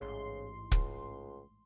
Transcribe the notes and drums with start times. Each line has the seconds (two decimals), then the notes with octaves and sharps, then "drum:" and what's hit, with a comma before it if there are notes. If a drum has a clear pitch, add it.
0.01 A1 G#2 C#3 C6
0.72 C#2, drum: kick